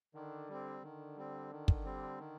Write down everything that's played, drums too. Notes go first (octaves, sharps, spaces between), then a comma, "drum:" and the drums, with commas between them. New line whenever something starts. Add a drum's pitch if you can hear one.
D3 D#3
G3 C4
D3 D#3
G3 C4
D#3
drum: kick
G3 C4
D#3